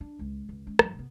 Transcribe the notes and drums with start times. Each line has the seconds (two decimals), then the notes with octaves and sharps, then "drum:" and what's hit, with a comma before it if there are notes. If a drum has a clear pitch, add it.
0.01 D4
0.19 C#2 G#3
0.49 C#2
0.67 G#3 C#4
0.79 G2 F3, drum: rim click
0.94 C3 B3